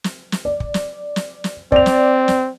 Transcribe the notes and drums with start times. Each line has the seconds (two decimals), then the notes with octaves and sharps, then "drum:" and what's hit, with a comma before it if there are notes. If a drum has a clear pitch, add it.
0.04 drum: snare
0.32 drum: snare
0.45 D5
0.60 drum: kick
0.74 drum: snare
1.16 drum: snare
1.44 drum: snare
1.72 C4 D5 F7, drum: kick
1.86 drum: snare
2.28 drum: snare